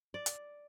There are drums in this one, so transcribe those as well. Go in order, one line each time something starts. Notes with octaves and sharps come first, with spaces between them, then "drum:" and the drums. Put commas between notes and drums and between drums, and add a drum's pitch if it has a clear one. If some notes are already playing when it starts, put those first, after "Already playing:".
D5
drum: hi-hat